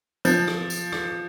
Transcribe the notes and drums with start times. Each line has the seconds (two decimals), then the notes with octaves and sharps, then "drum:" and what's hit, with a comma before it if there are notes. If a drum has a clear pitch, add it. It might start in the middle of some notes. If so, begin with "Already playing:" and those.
0.25 F3, drum: tambourine
0.48 drum: rim click
0.70 drum: tambourine
0.92 drum: rim click